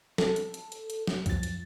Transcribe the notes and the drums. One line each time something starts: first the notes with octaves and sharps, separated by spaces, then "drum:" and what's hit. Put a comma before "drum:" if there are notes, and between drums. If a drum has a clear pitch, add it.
A4, drum: snare
drum: hi-hat
drum: hi-hat
drum: hi-hat
drum: hi-hat
drum: snare
F#2 F3 A6, drum: kick B1, hi-hat
drum: hi-hat